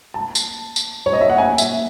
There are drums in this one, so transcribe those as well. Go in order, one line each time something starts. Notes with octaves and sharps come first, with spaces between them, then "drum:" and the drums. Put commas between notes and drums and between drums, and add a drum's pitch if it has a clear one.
A5
drum: tambourine
drum: tambourine
C#5
D#5
E5
F#5
G#5
E5, drum: tambourine